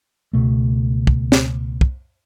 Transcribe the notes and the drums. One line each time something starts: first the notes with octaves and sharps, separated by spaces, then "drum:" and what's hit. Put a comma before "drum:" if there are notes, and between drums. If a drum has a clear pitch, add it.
C#2 B2 A3
drum: kick
drum: snare
drum: kick